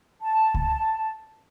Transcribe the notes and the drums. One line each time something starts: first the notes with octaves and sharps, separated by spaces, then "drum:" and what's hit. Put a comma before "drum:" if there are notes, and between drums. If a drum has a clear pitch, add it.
A5
drum: kick C#2